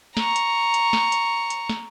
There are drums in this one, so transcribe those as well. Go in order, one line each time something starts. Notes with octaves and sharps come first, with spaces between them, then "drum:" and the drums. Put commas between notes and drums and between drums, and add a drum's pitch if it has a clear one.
A#5 C#6, drum: snare
drum: hi-hat
drum: hi-hat
drum: snare
drum: hi-hat
drum: hi-hat
drum: snare